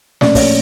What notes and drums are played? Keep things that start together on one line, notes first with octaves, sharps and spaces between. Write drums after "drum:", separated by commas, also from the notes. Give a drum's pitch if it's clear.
A#2 F3 A3 C#4 D5, drum: snare
C#5, drum: kick, open hi-hat